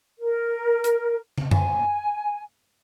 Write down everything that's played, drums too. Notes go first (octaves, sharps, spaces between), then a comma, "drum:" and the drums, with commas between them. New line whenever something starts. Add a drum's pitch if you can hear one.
A#4
drum: hi-hat
drum: tom
G#5, drum: tom F#2